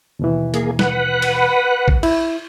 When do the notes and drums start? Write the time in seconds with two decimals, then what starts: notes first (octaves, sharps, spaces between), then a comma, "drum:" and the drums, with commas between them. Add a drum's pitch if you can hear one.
0.19 D#2 B2 E3
0.54 A#3 G#4, drum: hi-hat
0.79 B4 F#5, drum: snare
1.22 drum: cymbal
1.88 drum: kick
2.03 E4, drum: cymbal